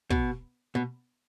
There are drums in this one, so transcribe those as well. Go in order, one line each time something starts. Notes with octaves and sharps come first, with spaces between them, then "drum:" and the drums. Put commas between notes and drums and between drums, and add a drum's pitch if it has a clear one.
B2, drum: kick
B2